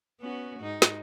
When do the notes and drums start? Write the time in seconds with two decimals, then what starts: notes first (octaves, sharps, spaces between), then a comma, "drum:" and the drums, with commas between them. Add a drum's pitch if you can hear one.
0.20 B3 C#4 F#4
0.60 G#2 D#4
0.82 drum: snare